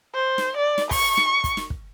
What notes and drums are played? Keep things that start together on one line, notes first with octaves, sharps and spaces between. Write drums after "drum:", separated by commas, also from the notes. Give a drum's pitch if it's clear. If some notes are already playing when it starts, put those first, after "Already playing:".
C5
drum: snare
D5
drum: snare
C#6, drum: kick, open hi-hat
drum: snare
drum: kick, hi-hat
drum: snare
drum: kick